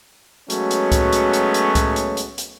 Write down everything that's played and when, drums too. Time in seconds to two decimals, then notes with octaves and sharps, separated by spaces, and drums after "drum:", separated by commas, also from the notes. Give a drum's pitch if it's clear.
0.50 F#3 G#3 A3 B3 C#4 F#4, drum: hi-hat
0.71 drum: hi-hat
0.92 drum: kick C#2, hi-hat
1.13 drum: hi-hat
1.33 drum: hi-hat
1.54 drum: hi-hat
1.75 drum: kick C#2, hi-hat
1.96 drum: hi-hat
2.17 drum: hi-hat
2.38 drum: hi-hat